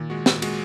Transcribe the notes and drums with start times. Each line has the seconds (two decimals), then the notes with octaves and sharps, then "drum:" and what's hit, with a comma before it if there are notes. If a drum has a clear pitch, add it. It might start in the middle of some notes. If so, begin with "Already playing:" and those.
Already playing: A#2 D#3
0.10 G#3 F#4
0.26 A#2, drum: snare
0.42 G#3 F#4, drum: cymbal